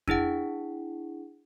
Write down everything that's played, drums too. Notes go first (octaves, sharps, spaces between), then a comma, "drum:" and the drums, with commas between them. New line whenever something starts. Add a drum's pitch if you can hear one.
D4 E4 G#4 F#5, drum: kick F2